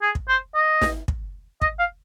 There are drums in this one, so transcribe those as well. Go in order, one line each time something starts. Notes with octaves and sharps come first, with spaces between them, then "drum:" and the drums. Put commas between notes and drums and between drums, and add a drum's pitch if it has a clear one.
G#4
drum: kick
C5
D#5
drum: snare
drum: kick
D#5, drum: kick
F5